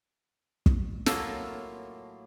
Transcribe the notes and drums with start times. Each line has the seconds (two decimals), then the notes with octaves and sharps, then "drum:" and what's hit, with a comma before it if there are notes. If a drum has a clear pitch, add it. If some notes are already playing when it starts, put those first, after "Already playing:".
0.66 drum: kick
1.06 A2 F#3 A#3 F4 A4, drum: snare